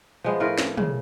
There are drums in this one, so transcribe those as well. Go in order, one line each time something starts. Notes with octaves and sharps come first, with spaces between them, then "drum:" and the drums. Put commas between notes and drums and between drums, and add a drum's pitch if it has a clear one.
F3 G#3 B3
A2 F4 A#4 B4
drum: snare
C#3, drum: tom